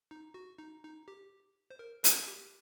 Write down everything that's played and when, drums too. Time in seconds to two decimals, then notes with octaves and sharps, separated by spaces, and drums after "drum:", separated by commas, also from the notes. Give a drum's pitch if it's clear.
0.11 D#4
0.34 F#4
0.58 D#4
0.83 D#4
1.08 G4
1.70 C5
1.79 A#4
2.04 A#4, drum: hi-hat
2.28 G4